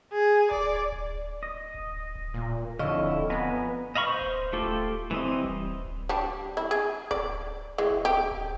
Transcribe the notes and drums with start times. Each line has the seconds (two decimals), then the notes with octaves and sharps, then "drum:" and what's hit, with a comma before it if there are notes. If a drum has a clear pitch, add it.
0.12 G#4
0.51 D5, drum: kick D1
0.92 drum: kick D1
1.43 D#5
1.74 drum: kick D1
2.15 drum: kick D1
2.34 A#2
2.79 F2 D3 E4 C#5 D#5 F5
2.98 drum: kick D1
3.30 B3 G#5 A#5 B5
3.95 D#5 F5 B5 C#6
4.07 C5
4.21 drum: kick D1
4.53 A3 F4 G4 A4
4.62 drum: kick D1
5.11 E3 G3 C4 D#5
5.44 drum: kick D1
5.85 drum: kick D1
6.09 G3 D4
6.57 E4
6.71 G#4
7.11 D5, drum: kick D1
7.78 E3 G#3
7.90 drum: kick D1
8.05 G4
8.31 drum: kick D1